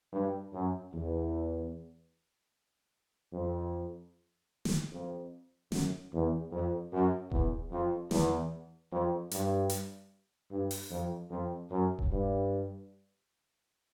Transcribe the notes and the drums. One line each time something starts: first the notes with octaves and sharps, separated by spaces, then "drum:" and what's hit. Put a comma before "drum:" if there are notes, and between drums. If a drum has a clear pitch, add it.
G2
F#2
E2
F2
drum: snare
F2
F#2, drum: snare
E2
F2
F#2
E2, drum: kick D#1
F2
E2, drum: snare
F2
G2, drum: hi-hat
drum: hi-hat
G2
drum: open hi-hat
F2
F2
F#2
drum: kick D#1
G2